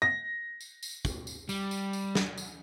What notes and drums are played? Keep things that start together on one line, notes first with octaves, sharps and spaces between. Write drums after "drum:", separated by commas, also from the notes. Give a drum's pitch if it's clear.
A#6
drum: tambourine
drum: tambourine
drum: kick, tambourine
drum: tambourine
G3, drum: tambourine
drum: tambourine
drum: tambourine
drum: snare
drum: tambourine